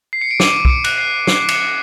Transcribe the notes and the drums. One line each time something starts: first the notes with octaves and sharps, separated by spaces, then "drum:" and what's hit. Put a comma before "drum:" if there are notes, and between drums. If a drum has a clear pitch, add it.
C7
C#7
D7
D6 D#7, drum: snare
D7, drum: kick
C#7
F#6, drum: cymbal
C7
D6 C7, drum: snare
C#7, drum: cymbal